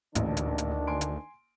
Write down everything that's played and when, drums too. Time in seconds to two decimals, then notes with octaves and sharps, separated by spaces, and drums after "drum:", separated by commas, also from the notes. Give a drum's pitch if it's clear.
0.15 D#1 A1 D2 D#3 D4, drum: hi-hat
0.37 drum: hi-hat
0.58 drum: hi-hat
0.87 G#5 C6 D7
1.01 drum: hi-hat